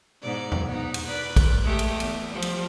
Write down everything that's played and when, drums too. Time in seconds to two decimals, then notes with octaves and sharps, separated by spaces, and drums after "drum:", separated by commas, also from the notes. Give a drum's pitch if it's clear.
0.22 G#2 B2 D5
0.52 drum: tom E2
0.66 B3 D#4
0.94 drum: cymbal
1.06 B4 D5
1.36 drum: kick, cymbal
1.62 G#3 A3 G4
1.79 drum: cymbal
2.00 E2, drum: cymbal
2.30 F3 G3
2.42 drum: cymbal